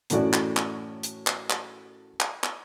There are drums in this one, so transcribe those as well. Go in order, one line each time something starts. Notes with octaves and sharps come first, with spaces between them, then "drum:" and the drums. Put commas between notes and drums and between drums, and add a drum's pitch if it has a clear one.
F#2 A2 E3 F#4 D5, drum: hi-hat
drum: clap
drum: clap
drum: hi-hat
drum: clap
drum: clap
drum: clap
drum: clap